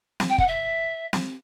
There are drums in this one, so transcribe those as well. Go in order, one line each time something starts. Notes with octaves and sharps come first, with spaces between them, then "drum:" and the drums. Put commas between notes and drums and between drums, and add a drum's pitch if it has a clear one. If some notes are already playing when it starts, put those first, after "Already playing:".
drum: snare
G5
F#5, drum: kick
E5
drum: snare